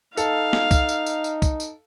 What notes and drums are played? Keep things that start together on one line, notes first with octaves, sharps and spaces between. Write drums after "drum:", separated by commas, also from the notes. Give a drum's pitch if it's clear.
D#4 A4 F5, drum: tambourine
drum: snare
drum: kick C2, tambourine
drum: tambourine
drum: tambourine
drum: tambourine
drum: kick C2, tambourine
drum: tambourine